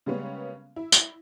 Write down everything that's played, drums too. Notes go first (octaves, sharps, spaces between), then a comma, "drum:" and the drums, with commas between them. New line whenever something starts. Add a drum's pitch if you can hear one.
C#3 G3 G#3 A#3 B3 C#4
E4
drum: tambourine